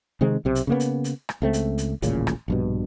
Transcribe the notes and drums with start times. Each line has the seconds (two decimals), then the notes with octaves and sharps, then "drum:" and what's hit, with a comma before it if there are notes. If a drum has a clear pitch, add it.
0.21 C3 D#3 G#3 C4
0.45 B1 C3
0.55 drum: hi-hat
0.67 C#3 A#3 B3
0.80 drum: hi-hat
1.04 drum: hi-hat
1.29 drum: rim click
1.42 C#2 A3 C4
1.53 drum: hi-hat
1.78 drum: hi-hat
2.02 D#1 A1 A#2 C#3, drum: hi-hat
2.27 drum: rim click
2.48 A#1 G2 B2